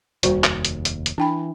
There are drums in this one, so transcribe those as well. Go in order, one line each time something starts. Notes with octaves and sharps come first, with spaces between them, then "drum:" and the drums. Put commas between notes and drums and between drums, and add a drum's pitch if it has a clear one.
F1 D#2 G3 F#4 C5, drum: hi-hat
drum: clap
drum: hi-hat
drum: hi-hat
drum: hi-hat
E3 D4 G5 B5